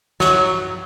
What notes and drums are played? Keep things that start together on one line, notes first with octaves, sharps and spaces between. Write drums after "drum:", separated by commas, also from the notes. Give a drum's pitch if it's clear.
F#3, drum: snare